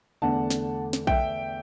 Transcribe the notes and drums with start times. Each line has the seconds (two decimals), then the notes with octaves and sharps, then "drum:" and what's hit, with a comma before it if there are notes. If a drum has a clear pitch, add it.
0.22 E2 D3 A3 D4 F#5 A5
0.51 drum: snare
0.93 drum: snare
1.07 E5 G5, drum: kick A#1